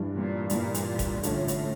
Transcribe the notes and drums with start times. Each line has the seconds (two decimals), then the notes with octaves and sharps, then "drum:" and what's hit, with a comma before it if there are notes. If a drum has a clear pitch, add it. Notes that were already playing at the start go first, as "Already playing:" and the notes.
Already playing: G2 E3 G3 D4
0.13 A#2
0.50 G2 A#2 E3 G3 D4, drum: hi-hat
0.74 drum: hi-hat
0.99 drum: kick G1, hi-hat
1.23 A2 D3 A3 C#4 F4, drum: hi-hat
1.48 drum: hi-hat